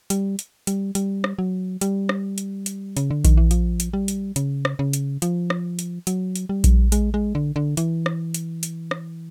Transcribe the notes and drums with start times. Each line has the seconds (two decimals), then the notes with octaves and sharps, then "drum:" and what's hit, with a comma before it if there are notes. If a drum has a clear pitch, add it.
0.10 G3, drum: hi-hat
0.39 drum: hi-hat
0.67 G3, drum: hi-hat
0.95 G3, drum: hi-hat
1.24 drum: rim click
1.39 F#3
1.81 G3, drum: hi-hat
2.09 drum: rim click
2.38 drum: hi-hat
2.66 drum: hi-hat
2.97 C#3, drum: hi-hat
3.10 D3
3.25 D#3, drum: kick A#1, hi-hat
3.37 E3
3.51 F3, drum: hi-hat
3.80 drum: hi-hat
3.93 G3
4.08 drum: hi-hat
4.36 C#3, drum: hi-hat
4.65 drum: rim click
4.79 C#3
4.93 drum: hi-hat
5.22 F3, drum: hi-hat
5.50 drum: rim click
5.79 drum: hi-hat
6.07 F#3, drum: hi-hat
6.36 drum: hi-hat
6.49 G3
6.64 drum: kick A#1, hi-hat
6.92 G#3, drum: hi-hat
7.14 G#3
7.35 D3
7.56 D3
7.77 E3, drum: hi-hat
8.06 drum: rim click
8.34 drum: hi-hat
8.63 drum: hi-hat
8.91 drum: rim click